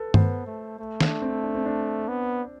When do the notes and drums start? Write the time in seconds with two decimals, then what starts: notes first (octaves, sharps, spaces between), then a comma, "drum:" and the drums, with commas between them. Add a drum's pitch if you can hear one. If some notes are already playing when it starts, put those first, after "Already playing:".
Already playing: A4 B4
0.14 B3 C5, drum: tom G2
0.47 A3
0.79 A3
1.00 D4, drum: snare
1.22 C4
1.44 D4
1.55 C4
1.65 D4
2.09 B3